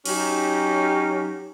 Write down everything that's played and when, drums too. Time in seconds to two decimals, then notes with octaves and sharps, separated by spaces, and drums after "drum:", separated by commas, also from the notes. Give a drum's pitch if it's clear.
0.05 F#3 C#4 D#4 G4, drum: cymbal